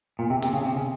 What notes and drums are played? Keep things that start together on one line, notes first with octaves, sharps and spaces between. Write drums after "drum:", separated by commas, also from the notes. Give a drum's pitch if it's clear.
A#2
C3
C3, drum: hi-hat
C#3
C3
C#3